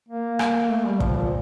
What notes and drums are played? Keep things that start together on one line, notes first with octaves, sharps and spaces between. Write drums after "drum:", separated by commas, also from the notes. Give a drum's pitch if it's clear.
A#3
drum: rim click
A3
G3
F3, drum: kick
A#2